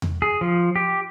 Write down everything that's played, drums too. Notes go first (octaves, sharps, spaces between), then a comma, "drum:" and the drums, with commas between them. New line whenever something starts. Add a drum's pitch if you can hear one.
drum: tom E2
G#4
F3
G4